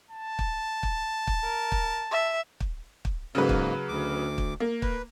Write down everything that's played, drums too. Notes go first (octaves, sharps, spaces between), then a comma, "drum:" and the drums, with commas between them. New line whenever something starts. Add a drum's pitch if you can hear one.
A5
drum: kick
drum: kick
drum: kick
A#4
drum: kick
E5
drum: kick
drum: kick
G#2 C#3 F#3 A#3 B4
drum: kick
D2 D6
drum: kick
A#3
B4, drum: kick